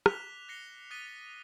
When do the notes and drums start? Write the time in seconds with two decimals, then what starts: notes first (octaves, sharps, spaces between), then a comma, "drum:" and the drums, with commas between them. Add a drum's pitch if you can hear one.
0.06 D6 F#6 B6 F7 G7, drum: rim click
0.49 F#6 A#6 C7 C#7 F7 G7
0.91 D#6 F#6 A6 B6 D#7 G7